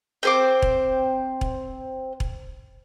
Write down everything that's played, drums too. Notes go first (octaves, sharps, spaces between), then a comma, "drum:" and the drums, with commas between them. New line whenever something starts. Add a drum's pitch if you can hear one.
C4 C5 D6
drum: kick E1
drum: kick E1
drum: kick E1